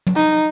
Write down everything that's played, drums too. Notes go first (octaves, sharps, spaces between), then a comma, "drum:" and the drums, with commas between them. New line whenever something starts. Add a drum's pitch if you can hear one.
drum: tom
D#4